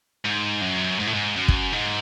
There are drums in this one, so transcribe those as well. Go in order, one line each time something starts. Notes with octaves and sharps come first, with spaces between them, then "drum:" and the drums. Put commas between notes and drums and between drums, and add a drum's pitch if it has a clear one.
G#2
F#2
G#2
A2
G#2
F#2
drum: kick
G#2